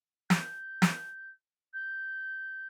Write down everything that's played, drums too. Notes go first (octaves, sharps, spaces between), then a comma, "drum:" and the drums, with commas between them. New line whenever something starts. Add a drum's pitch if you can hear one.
G6, drum: snare
drum: snare
G6